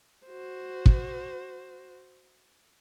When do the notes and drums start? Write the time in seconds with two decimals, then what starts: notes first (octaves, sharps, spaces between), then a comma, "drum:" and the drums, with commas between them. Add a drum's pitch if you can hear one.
0.26 F#4 C5
0.86 drum: kick